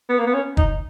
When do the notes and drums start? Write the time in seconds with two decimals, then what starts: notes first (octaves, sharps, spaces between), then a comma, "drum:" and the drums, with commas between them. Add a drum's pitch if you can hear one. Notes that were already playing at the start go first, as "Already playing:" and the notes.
0.09 B3
0.19 A#3
0.27 B3
0.34 C#4
0.57 D#4, drum: kick